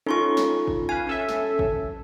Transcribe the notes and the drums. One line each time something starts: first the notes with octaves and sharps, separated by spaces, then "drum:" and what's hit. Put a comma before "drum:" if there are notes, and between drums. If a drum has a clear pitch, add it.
C#4 D#4 F4 A4 C6 C#6
drum: snare
drum: kick G#1
B4 F5 G#5 G#6
C#4 A4 E5
drum: snare
drum: kick G#1